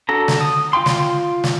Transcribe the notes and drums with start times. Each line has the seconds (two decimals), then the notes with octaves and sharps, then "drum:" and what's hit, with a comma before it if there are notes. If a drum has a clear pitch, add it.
0.09 D4 F#4 A4 A#5
0.28 drum: snare
0.41 D#6
0.73 F4 F5 G5 C6
0.86 drum: snare
1.44 drum: snare